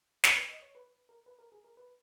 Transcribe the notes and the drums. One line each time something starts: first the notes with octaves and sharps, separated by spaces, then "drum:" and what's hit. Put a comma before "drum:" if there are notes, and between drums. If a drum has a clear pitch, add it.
A#4, drum: snare
B4
D#5
C#5
B4
A#4
B4
A#4
G#4
A#4
B4